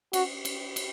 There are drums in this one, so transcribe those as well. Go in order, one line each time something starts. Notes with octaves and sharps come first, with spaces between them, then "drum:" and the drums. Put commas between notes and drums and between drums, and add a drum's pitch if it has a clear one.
F#4, drum: cymbal
drum: cymbal
drum: cymbal